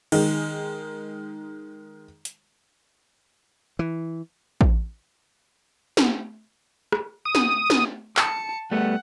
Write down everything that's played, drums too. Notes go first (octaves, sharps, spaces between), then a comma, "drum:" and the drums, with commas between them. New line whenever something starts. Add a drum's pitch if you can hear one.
D#3 G#3, drum: cymbal
drum: hi-hat
E3
drum: kick A1
drum: snare
drum: rim click
D#6
drum: snare
drum: snare
A5 C#7, drum: clap
G3 A3 B3 F#5